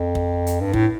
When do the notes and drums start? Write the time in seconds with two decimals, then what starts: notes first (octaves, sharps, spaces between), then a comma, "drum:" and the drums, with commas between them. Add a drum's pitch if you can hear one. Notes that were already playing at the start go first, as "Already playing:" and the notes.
Already playing: F2
0.15 drum: kick
0.47 drum: hi-hat
0.61 G2
0.73 A2, drum: kick